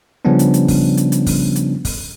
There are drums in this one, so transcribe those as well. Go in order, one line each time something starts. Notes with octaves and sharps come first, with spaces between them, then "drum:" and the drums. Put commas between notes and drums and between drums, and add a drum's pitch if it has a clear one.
C#3 F3 G3 B3 C#4 D4
drum: hi-hat
drum: hi-hat
drum: kick, open hi-hat
drum: hi-hat
drum: hi-hat
drum: kick, open hi-hat
drum: hi-hat
drum: kick, open hi-hat